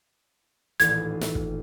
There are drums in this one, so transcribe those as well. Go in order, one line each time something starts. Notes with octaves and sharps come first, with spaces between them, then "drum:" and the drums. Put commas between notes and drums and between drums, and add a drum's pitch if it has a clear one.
D#1 A1 G#6, drum: hi-hat
drum: snare
drum: kick